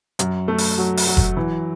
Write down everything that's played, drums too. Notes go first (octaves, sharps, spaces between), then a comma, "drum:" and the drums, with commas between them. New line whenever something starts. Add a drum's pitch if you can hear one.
F#2, drum: hi-hat
A3
drum: open hi-hat
F#3
drum: open hi-hat
F#3
drum: kick F1
E3